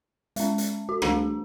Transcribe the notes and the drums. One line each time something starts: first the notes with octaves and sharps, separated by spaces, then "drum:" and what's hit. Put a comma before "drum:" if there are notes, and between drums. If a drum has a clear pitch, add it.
G#3 C#4, drum: hi-hat
drum: hi-hat
F#4
E3 A3 D4 G#4, drum: rim click